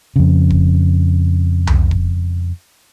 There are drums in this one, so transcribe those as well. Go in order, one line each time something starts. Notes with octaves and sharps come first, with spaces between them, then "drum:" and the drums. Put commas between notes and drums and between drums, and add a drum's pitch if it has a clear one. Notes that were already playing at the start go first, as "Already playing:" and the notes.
F2 C#3
drum: kick E1
drum: tom C2
drum: kick E1